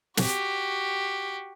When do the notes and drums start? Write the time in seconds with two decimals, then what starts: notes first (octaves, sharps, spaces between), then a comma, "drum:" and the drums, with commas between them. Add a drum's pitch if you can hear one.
0.17 F#4 G4, drum: snare